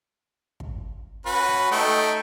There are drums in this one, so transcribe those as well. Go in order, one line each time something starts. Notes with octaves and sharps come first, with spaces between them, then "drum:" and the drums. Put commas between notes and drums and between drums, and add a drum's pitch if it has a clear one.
drum: kick
C#4 F#4 B4
drum: rim click
A3 D#4 G5